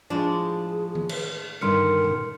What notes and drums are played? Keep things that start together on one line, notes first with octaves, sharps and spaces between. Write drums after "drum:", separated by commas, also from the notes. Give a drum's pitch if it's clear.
A2 F3 G#3 D4 G#4
drum: tom D#3
drum: cymbal
G2 D3 D#3 A#4 C6 F6 C#7
drum: tom A#2